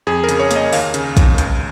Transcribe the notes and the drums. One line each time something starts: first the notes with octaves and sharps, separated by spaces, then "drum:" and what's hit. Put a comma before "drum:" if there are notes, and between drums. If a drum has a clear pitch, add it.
F2 G#4
A#4
C#3, drum: hi-hat
C#5
A#3, drum: hi-hat
D#5
D#2 F5, drum: open hi-hat
C#3, drum: hi-hat
D#2, drum: kick, hi-hat
C#2, drum: hi-hat